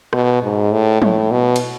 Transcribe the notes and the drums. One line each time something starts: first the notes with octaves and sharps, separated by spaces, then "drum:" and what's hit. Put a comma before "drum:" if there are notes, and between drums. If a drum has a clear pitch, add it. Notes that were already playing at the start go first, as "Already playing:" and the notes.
B2, drum: rim click
G#2
A2
A2, drum: tom
B2
drum: cymbal